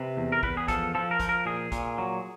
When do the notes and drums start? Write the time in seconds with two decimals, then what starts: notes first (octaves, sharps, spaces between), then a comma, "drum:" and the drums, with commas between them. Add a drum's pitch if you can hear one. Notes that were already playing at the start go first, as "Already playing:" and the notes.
Already playing: C3 B4
0.17 E2
0.32 A#4
0.43 E2 B4, drum: kick
0.57 G#4
0.68 F3 A4, drum: kick, hi-hat
0.95 F3 A4
1.11 A#4
1.20 F3, drum: kick, hi-hat
1.29 A#4
1.46 A#2 G#4
1.72 A#2, drum: kick, hi-hat
1.98 F#3